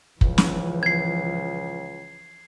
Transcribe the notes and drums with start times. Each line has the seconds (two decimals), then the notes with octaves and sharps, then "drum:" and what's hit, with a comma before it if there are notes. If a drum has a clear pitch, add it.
0.21 C#2 E3 F3, drum: kick
0.38 drum: snare
0.83 G#6 C7